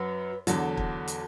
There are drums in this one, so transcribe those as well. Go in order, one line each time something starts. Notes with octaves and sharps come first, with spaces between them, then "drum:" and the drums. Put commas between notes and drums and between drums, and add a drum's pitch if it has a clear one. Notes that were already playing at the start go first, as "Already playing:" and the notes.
Already playing: F#2 F#3 B4
E2 D3 F#3 A4, drum: hi-hat
drum: kick
drum: hi-hat